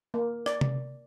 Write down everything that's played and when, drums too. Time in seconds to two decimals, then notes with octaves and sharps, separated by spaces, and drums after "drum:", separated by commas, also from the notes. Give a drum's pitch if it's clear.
0.14 A#3
0.46 D5, drum: rim click
0.61 drum: tom C3